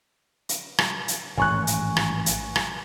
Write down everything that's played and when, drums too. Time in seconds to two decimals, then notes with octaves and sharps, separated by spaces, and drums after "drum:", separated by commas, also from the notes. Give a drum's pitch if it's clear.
0.49 drum: hi-hat
0.78 drum: rim click
1.08 drum: hi-hat
1.38 A1 G#2 D#3 G#5 C#6 F#6
1.67 drum: hi-hat
1.97 drum: rim click
2.26 drum: hi-hat
2.56 drum: rim click